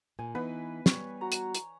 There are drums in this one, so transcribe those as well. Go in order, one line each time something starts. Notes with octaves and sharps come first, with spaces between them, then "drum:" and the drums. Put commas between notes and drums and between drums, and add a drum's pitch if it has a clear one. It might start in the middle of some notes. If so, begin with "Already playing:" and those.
A#2 G#5
E3 B3 D#4 B4
G3 C#5, drum: snare
F#4 A#5
drum: hi-hat
drum: hi-hat